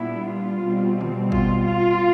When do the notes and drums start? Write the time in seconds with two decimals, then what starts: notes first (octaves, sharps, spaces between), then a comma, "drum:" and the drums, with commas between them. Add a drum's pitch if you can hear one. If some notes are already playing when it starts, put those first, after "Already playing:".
Already playing: A#2 G3 B3 D4 E4
0.28 F4
0.63 B2 G3 C4
1.01 drum: tom D3
1.32 F4, drum: kick
1.66 F4